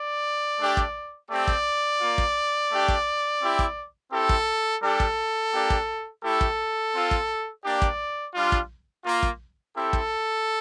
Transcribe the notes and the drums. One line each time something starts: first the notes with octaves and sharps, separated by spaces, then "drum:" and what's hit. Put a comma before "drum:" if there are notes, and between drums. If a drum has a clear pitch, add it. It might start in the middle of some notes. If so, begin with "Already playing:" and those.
Already playing: D5
A3 D4 G4
drum: kick
A3 C4 G4 D5
drum: kick
A#3 F4
drum: kick
A3 D4 G4
drum: kick
C4 E4 G4
drum: kick
C4 E4 G4 A4
drum: kick
G3 D4 G4 A4
drum: kick
A#3 D4 G4
drum: kick
A3 E4 G4 A4
drum: kick
C4 F4
drum: kick
A#3 D4 G4 D5
drum: kick
G3 D4 F4
drum: kick
A#3 F4
drum: kick
C4 E4 G4 A4
drum: kick